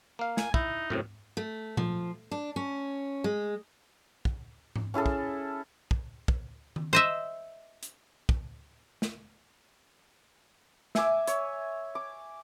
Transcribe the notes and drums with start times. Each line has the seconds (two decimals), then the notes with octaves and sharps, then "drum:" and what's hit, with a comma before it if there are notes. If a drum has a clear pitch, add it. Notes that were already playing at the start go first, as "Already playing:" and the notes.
0.19 A#3 F5
0.37 G#5, drum: snare
0.54 D#4 E4, drum: kick
0.90 F#2 A2 C3, drum: tom G#2
1.37 A3
1.77 F3, drum: tom A#2
2.31 D4
2.56 C#4
3.24 G#3
4.25 drum: kick
4.76 drum: tom G#2
4.94 C#4 E4 G#4 A4
5.06 drum: kick
5.91 drum: kick
6.28 drum: kick
6.76 drum: tom D#3
6.93 C5 D#5 E5
7.83 drum: hi-hat
8.29 drum: kick
9.02 drum: snare
10.95 E5 G#5 D6, drum: snare
11.27 C#5, drum: hi-hat
11.95 D6